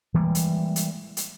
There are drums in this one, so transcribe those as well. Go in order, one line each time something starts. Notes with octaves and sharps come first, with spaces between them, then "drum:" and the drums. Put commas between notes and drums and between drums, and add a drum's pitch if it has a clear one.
E3 G3 G#3 A#3
drum: hi-hat
drum: hi-hat
drum: hi-hat